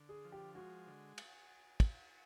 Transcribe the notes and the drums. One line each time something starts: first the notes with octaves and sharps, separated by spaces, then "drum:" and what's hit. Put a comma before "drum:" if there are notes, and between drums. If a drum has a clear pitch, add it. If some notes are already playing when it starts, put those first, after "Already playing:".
Already playing: D3
G#4
F3
G4
G#3 F#4
D3
drum: cymbal
drum: kick, cymbal